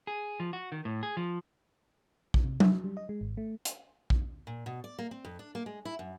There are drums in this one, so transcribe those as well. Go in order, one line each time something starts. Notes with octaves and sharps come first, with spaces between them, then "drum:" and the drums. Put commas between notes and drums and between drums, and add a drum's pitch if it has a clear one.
G#4
F3
F#4
D#3
A2
G#4
F3
drum: kick A#1
C3
E5, drum: tom F#3
F#3
G3
D#5
G#3
G#1
A3
drum: hi-hat
drum: kick A#1
A#2
B2
D5
A#3
C4
F2
D4
A#3
G#3
E4
F#2